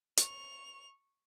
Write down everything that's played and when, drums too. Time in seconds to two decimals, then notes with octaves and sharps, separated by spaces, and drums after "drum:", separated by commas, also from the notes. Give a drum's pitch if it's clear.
0.17 C#6 F7, drum: hi-hat